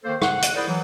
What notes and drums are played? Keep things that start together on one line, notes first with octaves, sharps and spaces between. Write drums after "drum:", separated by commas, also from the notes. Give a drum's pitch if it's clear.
D#3 A#3 A4 C5
F#5, drum: rim click
drum: hi-hat
E4 G#4 A#4 C5 D5
E3 F#3